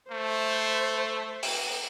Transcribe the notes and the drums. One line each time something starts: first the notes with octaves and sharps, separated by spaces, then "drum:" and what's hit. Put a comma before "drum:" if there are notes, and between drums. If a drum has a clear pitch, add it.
A3 C5
drum: open hi-hat